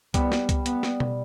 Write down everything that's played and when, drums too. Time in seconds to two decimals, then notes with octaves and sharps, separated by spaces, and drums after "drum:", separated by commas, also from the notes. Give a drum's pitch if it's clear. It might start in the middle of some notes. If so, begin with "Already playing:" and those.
0.14 G3 B3, drum: kick C#2, hi-hat
0.32 drum: snare
0.49 drum: kick C#2, hi-hat
0.66 B3, drum: hi-hat
0.83 drum: snare
1.00 drum: tom B2